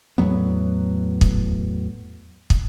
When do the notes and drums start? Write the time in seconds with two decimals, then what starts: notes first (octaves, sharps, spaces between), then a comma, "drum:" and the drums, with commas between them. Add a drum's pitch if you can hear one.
0.18 E2 A2 F#3 B3
1.21 drum: kick
2.50 drum: kick